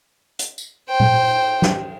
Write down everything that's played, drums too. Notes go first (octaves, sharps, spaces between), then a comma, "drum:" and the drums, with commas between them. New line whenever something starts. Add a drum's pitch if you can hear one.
drum: hi-hat
drum: tambourine
C5 G5
drum: tom A#2
drum: cymbal
drum: snare